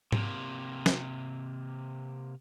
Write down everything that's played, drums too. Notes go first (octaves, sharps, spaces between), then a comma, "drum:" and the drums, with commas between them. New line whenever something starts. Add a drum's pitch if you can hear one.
C3 A#3, drum: tom G#2
drum: snare